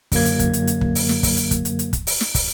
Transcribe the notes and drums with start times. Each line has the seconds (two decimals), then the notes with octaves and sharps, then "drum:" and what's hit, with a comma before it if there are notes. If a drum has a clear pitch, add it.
0.12 F#2 D3 F#3 A#3 G#6, drum: kick, open hi-hat
0.26 drum: hi-hat
0.39 drum: kick, hi-hat
0.53 drum: hi-hat
0.67 drum: hi-hat
0.81 drum: kick
0.95 drum: open hi-hat
1.09 drum: snare
1.23 drum: kick, open hi-hat
1.37 drum: hi-hat
1.51 drum: kick, hi-hat
1.65 drum: hi-hat
1.79 drum: hi-hat
1.93 drum: kick, hi-hat
2.07 drum: open hi-hat
2.21 drum: snare
2.35 drum: kick, open hi-hat